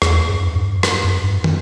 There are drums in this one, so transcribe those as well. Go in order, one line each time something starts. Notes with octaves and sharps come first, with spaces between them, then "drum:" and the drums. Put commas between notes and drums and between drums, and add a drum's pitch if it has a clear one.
E2, drum: rim click
F#2
G2
drum: rim click
F#2
G2
drum: tom